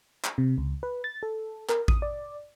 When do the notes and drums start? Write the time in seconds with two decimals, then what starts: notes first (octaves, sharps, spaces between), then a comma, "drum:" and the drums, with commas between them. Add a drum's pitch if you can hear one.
0.24 drum: clap
0.38 C3
0.58 C#2
0.83 B4
1.04 A6
1.23 A4
1.69 A#4, drum: clap
1.88 D#6, drum: kick A1
2.02 D5